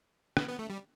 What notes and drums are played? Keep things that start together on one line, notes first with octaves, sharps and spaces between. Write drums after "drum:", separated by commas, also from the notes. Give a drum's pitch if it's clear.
B3, drum: rim click
B3
A3
G3